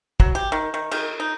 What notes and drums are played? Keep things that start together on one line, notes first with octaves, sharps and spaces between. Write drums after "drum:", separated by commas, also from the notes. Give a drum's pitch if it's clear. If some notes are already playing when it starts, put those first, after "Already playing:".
F#3, drum: kick
G4
D#3
D#3
D#3, drum: cymbal
D#4